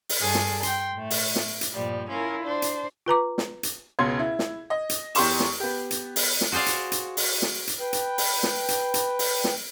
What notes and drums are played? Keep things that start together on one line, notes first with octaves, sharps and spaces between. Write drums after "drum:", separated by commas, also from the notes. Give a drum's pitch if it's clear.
drum: open hi-hat
G2 G#4 A4
drum: snare
G5 C6, drum: hi-hat
A2 A3
drum: open hi-hat
drum: snare
drum: hi-hat
G2 A#2 F3 G3
C#4 E4 F4 A#4
D4 C5
drum: hi-hat
F4 B4 A#5 D6
drum: snare
drum: hi-hat
C#2 B2 C#4 C6 G#6
E4
drum: snare
D#5
drum: hi-hat
E2 G4 C6 C#6 E7, drum: open hi-hat
drum: snare
B3 G4
drum: hi-hat
drum: open hi-hat
drum: snare
F#4 G#4 C5 D5 F5
drum: hi-hat
drum: hi-hat
drum: open hi-hat
drum: snare
drum: hi-hat
B4 G5
drum: hi-hat
drum: open hi-hat
drum: snare
drum: hi-hat
drum: hi-hat
drum: open hi-hat
drum: snare